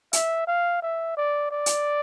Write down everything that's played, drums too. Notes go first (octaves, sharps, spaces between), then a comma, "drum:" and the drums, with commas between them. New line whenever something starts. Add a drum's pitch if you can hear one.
E5, drum: hi-hat
F5
E5
D5
D5
drum: hi-hat